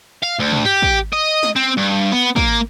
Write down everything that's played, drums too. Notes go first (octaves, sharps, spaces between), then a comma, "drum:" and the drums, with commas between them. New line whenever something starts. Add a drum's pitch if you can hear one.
F5
D2
drum: tom
G4
drum: kick
D#5
drum: snare
C4
G2
B3
A#3, drum: kick